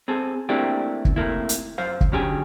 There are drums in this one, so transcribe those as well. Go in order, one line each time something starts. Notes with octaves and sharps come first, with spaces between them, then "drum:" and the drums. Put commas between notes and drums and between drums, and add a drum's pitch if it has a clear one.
C4 G#4 A4
A3 A#3 C4 D4 E4 G4
drum: kick
C3 A3 A#3 E4
drum: hi-hat
F#2 C5 F5
drum: kick
D3 F#3 C#4 G4 G#4